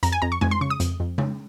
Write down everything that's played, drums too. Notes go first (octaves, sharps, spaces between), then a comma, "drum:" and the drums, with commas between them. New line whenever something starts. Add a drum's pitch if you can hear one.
F2 A#5, drum: hi-hat
G#5
F2 A#5
C#6
F2 G#5, drum: tom G#3
C6
C#3 C#6
D#6
F2, drum: hi-hat
F2
C#3, drum: tom G#3